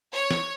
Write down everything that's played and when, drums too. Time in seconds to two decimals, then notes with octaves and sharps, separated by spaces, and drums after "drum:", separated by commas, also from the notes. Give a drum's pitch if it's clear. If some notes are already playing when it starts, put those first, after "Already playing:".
0.13 C#5
0.31 drum: snare